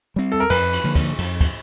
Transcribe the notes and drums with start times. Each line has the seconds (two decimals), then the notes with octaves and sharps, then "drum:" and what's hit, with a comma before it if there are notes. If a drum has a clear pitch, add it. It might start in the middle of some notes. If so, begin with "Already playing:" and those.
0.16 G3 C4
0.32 A4
0.40 A#4
0.50 F2 B4, drum: cymbal
0.73 drum: cymbal
0.84 D3 F3 A#3
0.95 drum: kick, cymbal
1.18 F2, drum: cymbal
1.41 drum: kick, cymbal